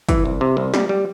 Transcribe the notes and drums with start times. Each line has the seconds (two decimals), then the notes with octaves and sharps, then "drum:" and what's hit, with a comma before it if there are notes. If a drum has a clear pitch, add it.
0.09 E3, drum: kick, hi-hat
0.25 C2
0.41 C3
0.57 C2
0.74 G3, drum: snare
0.89 G3